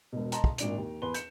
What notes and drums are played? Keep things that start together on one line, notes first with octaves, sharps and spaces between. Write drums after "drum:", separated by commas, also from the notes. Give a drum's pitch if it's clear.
E1 B2
D#5 A5 A#5 C6, drum: hi-hat
drum: kick
G#1 A#2 D4 D7 F7, drum: hi-hat
D#2
E2 B4 C6 G7
G6 C#7 E7, drum: hi-hat